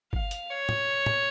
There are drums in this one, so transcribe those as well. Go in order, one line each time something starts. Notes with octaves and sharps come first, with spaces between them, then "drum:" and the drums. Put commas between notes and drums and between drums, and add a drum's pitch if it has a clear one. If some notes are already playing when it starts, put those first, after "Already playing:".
F5, drum: kick G1
drum: hi-hat
C#5
drum: tom
drum: tom